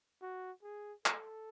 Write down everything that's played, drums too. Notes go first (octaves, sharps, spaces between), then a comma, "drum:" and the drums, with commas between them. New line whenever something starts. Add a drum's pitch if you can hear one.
F#4
G#4
A4, drum: clap